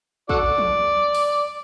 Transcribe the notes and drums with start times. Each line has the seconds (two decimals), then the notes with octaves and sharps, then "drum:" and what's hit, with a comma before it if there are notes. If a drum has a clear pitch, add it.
0.29 F#4 A4 D5, drum: kick
0.58 drum: tom
1.15 drum: open hi-hat